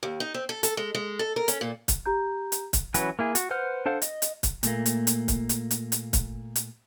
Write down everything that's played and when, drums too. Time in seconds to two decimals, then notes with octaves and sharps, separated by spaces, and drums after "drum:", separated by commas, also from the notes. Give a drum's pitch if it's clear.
0.03 D#2
0.20 D#4
0.34 C4
0.49 A4
0.63 A4, drum: hi-hat
0.77 G#3
0.95 G#3
1.19 A4
1.36 A#4
1.48 C#4, drum: hi-hat
1.61 A#2
1.88 drum: kick, hi-hat
2.06 G4 A#5 G6
2.52 drum: hi-hat
2.73 drum: kick, hi-hat
2.94 E3 F#3 C#4 F#4 B4, drum: hi-hat
3.19 A#3 E4 G#4
3.35 F#4, drum: hi-hat
3.51 B4 C5 F#5 F6
3.86 D4 A4 C5 F5 F#5
4.02 D#5, drum: hi-hat
4.22 drum: hi-hat
4.43 drum: kick, hi-hat
4.63 A#2 A3 A#3, drum: hi-hat
4.86 drum: hi-hat
5.07 drum: hi-hat
5.28 drum: kick, hi-hat
5.49 drum: hi-hat
5.71 drum: hi-hat
5.92 drum: hi-hat
6.13 drum: kick, hi-hat
6.56 drum: hi-hat